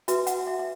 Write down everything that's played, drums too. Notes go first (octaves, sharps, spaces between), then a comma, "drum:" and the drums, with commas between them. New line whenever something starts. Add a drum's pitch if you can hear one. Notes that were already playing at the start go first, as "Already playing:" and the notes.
F#4 B4 E5, drum: hi-hat
F#5, drum: hi-hat
E5
E5